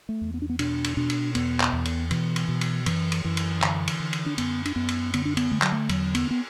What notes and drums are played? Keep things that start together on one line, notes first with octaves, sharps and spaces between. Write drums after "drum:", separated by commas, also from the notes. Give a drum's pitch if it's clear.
A3
E2
B3
D4
B3
B2 D4, drum: cymbal
drum: cymbal
B2 D4
drum: cymbal
E2 B3, drum: cymbal
drum: clap
E2
drum: cymbal
B2 E3, drum: cymbal
drum: cymbal
B2
drum: cymbal
F#2 E3, drum: cymbal
drum: cymbal
F#2 E3
drum: cymbal
D3, drum: clap
drum: cymbal
D3
drum: cymbal
D4
F#2 B3, drum: cymbal
D4, drum: cymbal
F#2 B3
drum: cymbal
D3 B3, drum: cymbal
D4
B3, drum: cymbal
D3 A3
F#3, drum: clap
A3
E2 F#3, drum: cymbal
B3, drum: cymbal
B3